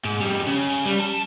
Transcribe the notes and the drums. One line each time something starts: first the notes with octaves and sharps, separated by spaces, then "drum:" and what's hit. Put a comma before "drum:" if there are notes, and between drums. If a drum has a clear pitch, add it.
G#2
F2 G3
C#3
drum: cymbal
G3, drum: cymbal
A5, drum: cymbal